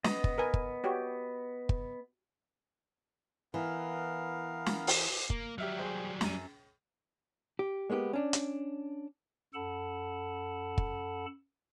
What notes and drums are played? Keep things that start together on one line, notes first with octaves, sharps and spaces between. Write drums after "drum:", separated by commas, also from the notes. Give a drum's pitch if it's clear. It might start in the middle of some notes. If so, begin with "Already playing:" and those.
B3 D#5, drum: snare
drum: kick
A#4 B4 G#5
drum: kick
F#4 G4 C#5
drum: kick
E3 B3 A#4 F5
drum: snare
drum: open hi-hat
A#3, drum: kick
F#3 G3 G4 E5 F6
G#4 C5 G5
F#2 D#7, drum: snare
G4
G#3 A#3 B3 F#4 G4
C#4 D4
drum: hi-hat
F#2 A4 F#5 A5 B5
drum: kick